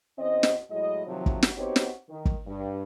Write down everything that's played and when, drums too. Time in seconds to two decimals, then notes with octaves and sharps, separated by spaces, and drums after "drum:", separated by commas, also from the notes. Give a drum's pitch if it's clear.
0.18 E2 C4 C#4 D#5
0.43 drum: snare
0.70 A2 F#3 G#3 E4 D#5
1.06 C3 D#3 F3 F#3
1.26 drum: kick
1.43 drum: snare
1.57 B3 C4 D#4 F#4 G4 C#5
1.76 drum: snare
2.09 D#3
2.25 drum: kick
2.47 G2